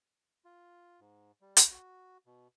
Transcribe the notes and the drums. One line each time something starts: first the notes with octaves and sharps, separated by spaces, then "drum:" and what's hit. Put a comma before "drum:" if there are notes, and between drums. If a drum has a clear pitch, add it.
F4
G#2
G3
drum: hi-hat
F#4
B2